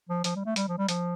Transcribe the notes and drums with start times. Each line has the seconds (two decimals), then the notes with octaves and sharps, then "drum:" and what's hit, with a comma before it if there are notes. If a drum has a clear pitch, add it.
0.09 F3
0.24 F3, drum: hi-hat
0.36 G3
0.45 A3
0.56 G3, drum: hi-hat
0.68 F3
0.78 G3
0.89 F3, drum: hi-hat